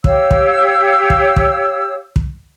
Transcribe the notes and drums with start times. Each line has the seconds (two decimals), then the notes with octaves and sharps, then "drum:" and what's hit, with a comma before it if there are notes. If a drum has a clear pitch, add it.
0.04 G4 C#5 F5 E6, drum: kick
0.31 drum: kick
1.10 drum: kick
1.36 drum: kick
2.16 drum: kick